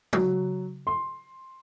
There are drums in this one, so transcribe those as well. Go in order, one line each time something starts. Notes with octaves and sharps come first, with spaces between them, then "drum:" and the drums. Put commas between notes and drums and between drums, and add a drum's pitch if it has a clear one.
F#3, drum: tom
C6